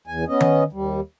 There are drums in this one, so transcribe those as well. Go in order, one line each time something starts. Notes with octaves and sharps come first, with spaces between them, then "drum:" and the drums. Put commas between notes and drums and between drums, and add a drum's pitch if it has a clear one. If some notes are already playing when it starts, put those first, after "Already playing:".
E2 G#5
B3 C#4 D#5
drum: tom D#3
D#2 G3